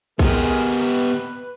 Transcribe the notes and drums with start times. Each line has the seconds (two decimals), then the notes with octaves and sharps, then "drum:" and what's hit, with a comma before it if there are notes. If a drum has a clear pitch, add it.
0.19 G#3 B3 G4 G#4 A#4, drum: kick A#1
0.83 B4